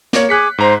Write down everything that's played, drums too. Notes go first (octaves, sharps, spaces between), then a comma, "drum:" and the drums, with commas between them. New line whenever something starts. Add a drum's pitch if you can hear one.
A#3 C#5, drum: snare
G#4 D6 F#6 B6 C#7
G#2 C5 A#5